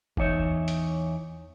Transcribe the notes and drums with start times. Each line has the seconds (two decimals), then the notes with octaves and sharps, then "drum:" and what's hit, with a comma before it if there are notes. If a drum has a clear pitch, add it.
0.17 E2 D#4 C#5 E5, drum: kick F#1
0.68 drum: hi-hat